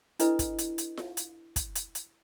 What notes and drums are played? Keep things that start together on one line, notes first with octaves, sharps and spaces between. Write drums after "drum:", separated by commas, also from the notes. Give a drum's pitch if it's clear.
D4 E4 A4 B4 D#5, drum: hi-hat
drum: kick, hi-hat
drum: hi-hat
drum: hi-hat
drum: snare F4
drum: hi-hat
drum: kick, hi-hat
drum: hi-hat
drum: hi-hat